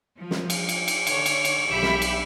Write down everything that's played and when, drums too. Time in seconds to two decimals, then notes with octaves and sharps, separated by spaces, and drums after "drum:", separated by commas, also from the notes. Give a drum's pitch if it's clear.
0.19 F3
0.31 drum: snare
0.50 drum: cymbal
0.69 drum: cymbal
0.88 drum: cymbal
1.07 D3 C#5, drum: cymbal
1.26 drum: cymbal
1.45 drum: cymbal
1.67 B1 G4 E5 B5
1.83 drum: snare
2.02 drum: cymbal